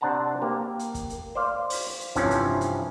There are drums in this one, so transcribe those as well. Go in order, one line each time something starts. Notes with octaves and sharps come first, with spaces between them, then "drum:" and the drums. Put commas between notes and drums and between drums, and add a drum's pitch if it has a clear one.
C3 D4 C5 F#5 A5 A#5
A#3 G4
drum: hi-hat
drum: kick, hi-hat
drum: hi-hat
C5 D5 F5
drum: open hi-hat
drum: hi-hat
G2 C3 E3 F3 C#4, drum: kick, hi-hat
drum: hi-hat
drum: hi-hat